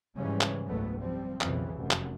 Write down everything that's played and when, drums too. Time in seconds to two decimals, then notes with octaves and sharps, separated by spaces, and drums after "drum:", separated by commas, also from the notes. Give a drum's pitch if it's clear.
0.17 G#2 C#3 E3 F3 G3 C#4
0.41 drum: clap
0.66 F#1 C#2 G#2 F#3 A3 B3
0.97 F3 G3 C4
1.41 B1 F2 C#3 E3, drum: clap
1.77 F1 F#2
1.91 drum: clap